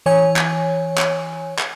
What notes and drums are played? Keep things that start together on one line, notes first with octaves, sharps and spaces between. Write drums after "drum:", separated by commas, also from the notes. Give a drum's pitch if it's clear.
E3 C#5 G#5
drum: clap
drum: clap
drum: clap